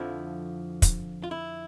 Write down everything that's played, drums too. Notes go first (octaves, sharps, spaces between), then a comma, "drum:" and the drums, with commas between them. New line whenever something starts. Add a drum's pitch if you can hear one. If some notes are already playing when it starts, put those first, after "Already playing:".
Already playing: F2 D3 F3 E4
drum: kick, hi-hat
F4
E4